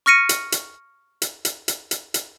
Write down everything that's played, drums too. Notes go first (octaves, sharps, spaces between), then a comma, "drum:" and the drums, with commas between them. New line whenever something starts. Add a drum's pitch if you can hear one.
C#6 F6 A#6 C#7 D#7
drum: hi-hat
drum: hi-hat
drum: hi-hat
drum: hi-hat
drum: hi-hat
drum: hi-hat
drum: hi-hat